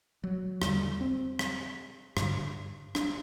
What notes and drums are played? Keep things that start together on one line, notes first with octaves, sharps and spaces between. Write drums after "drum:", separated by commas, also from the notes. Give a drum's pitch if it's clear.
F#3
E2 D3 G3, drum: rim click
C4
drum: rim click
G2 D3, drum: rim click
D4, drum: rim click